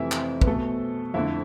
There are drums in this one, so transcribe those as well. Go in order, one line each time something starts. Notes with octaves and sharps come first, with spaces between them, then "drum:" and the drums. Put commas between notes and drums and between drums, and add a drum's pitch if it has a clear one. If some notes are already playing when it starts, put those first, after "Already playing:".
Already playing: F2 C3 E3 A3 E4 E5
drum: clap
B4, drum: kick
B2 A3 A4
F2 D3 A3 E4 E5